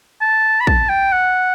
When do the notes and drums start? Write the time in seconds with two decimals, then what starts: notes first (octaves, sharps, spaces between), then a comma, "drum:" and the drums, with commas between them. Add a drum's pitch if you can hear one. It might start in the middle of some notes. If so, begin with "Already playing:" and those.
0.21 A5
0.61 B5
0.67 A5, drum: kick
0.89 G5
1.12 F#5